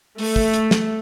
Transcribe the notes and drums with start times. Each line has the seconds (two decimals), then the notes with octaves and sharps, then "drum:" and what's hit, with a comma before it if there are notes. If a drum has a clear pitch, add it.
0.18 A3, drum: open hi-hat
0.36 drum: kick
0.54 drum: hi-hat
0.71 drum: snare